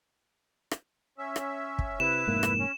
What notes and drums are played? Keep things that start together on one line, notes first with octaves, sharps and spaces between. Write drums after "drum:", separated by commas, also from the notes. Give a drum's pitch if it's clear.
drum: rim click
C#4 E5
drum: rim click
drum: kick
C3 E4 B4 E7
F1 G#2 A#3
drum: rim click
C#4